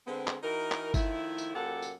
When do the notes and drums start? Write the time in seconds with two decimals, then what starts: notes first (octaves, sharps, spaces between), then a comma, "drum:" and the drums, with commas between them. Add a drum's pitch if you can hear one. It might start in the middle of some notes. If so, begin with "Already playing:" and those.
0.07 D3 G#3 B3 C4
0.28 drum: clap
0.43 E3 D#4 F#4 A#4
0.72 drum: clap
0.94 D#3 F3 A3 E4, drum: kick G1, tambourine
1.38 drum: tambourine
1.54 F#2 A#2 A#3 G4 A4 F#5
1.82 drum: tambourine